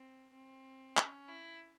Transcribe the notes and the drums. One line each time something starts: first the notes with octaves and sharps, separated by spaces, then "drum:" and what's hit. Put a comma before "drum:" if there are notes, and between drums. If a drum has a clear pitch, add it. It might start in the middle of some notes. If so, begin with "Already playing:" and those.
Already playing: C4
C4
C#4, drum: clap
E4